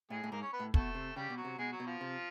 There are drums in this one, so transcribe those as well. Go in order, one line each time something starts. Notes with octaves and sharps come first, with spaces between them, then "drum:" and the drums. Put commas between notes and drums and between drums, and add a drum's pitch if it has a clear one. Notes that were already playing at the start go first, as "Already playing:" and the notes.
A2 G#3 G#4
A2
G#2 A#3 A#4
C#4 C#5
B3 B4
A2
B2 A3 A4, drum: kick
C3
C#3 G3 G4
B2
F#3 F#4
C3
B2 G#3 G#4
F#3 F#4
B2
F3 F4
C3